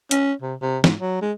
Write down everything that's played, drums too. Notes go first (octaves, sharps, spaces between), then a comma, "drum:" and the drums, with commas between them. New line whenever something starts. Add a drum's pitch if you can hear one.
C#4, drum: hi-hat
C3
C3
G#2, drum: snare
F#3
G#3